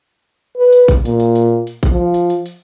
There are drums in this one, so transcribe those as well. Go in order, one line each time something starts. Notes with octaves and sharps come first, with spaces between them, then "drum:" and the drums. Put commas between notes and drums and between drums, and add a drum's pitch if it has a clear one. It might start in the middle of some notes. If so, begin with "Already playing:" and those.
B4
drum: hi-hat
drum: kick G#1, hi-hat
A#2, drum: hi-hat
drum: hi-hat
drum: hi-hat
drum: hi-hat
drum: kick G#1, hi-hat
F3
drum: hi-hat
drum: hi-hat
drum: hi-hat